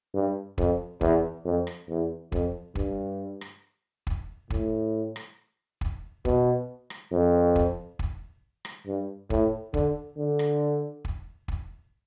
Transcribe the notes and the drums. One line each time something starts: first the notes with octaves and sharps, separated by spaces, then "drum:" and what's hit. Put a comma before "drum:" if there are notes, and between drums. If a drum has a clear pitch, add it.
G2
F2, drum: kick
E2, drum: kick
F2
drum: rim click
E2
F2, drum: kick
G2, drum: kick
drum: rim click
drum: kick
A2, drum: kick
drum: rim click
drum: kick
B2, drum: kick
drum: rim click
F2
drum: kick
drum: kick
drum: rim click
G2
A2, drum: kick
D3, drum: kick
D3
drum: rim click
drum: kick
drum: kick